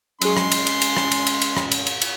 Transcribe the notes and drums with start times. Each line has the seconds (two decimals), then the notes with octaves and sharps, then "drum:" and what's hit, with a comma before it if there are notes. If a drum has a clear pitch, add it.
0.22 F#3 G#3 C#4 G#4 C6, drum: cymbal
0.37 drum: rim click
0.52 drum: cymbal
0.67 drum: cymbal
0.82 drum: cymbal
0.97 drum: rim click
1.12 drum: cymbal
1.27 drum: cymbal
1.42 drum: cymbal
1.57 drum: rim click
1.72 drum: cymbal
1.87 drum: cymbal
2.02 drum: cymbal